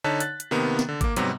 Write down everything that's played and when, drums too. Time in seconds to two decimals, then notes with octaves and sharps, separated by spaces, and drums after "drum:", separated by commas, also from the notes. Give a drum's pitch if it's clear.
0.04 D3 D#4 C#5 A5 F#6 B6
0.20 F#6 A6, drum: hi-hat
0.40 drum: hi-hat
0.51 C3 D#3 A#3 B3
0.79 drum: snare
0.89 D3
1.01 A#3 D6, drum: kick G#1, hi-hat
1.16 G#2 C3 F#3 G3 B3, drum: hi-hat